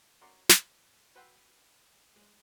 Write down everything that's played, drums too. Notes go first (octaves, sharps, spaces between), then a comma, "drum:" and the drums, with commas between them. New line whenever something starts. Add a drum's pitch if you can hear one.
C#4 F#4 A#4 C#5 D5 C6
C5, drum: snare
F#4 B4 F#5 G5 C6 E6
G#3